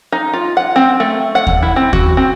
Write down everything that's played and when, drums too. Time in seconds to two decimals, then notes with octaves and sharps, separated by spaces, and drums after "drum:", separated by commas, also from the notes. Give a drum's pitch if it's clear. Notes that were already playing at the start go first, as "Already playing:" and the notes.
0.12 D#4
0.33 F4
0.57 F#5
0.76 C4
1.00 A3
1.35 F#5
1.47 drum: kick D#2
1.63 E4
1.76 C4
1.93 F#4, drum: kick D#2
2.17 C4